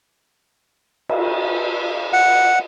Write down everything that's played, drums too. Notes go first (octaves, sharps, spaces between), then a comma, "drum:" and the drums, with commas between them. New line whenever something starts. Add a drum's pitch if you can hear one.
drum: cymbal
F#5